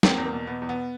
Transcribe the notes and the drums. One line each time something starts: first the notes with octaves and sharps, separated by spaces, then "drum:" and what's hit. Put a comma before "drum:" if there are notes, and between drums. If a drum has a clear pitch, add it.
E2 A#3 C4, drum: snare
E2
A#3
B2
B2 B3
E2
B3